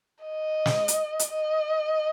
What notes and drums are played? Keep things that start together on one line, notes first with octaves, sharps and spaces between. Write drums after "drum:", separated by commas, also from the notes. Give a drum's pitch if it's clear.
D#5
drum: snare
drum: hi-hat
drum: hi-hat
D#5